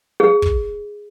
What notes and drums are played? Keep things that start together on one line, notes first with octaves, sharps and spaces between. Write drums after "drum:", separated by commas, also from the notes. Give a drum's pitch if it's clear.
G#4
drum: kick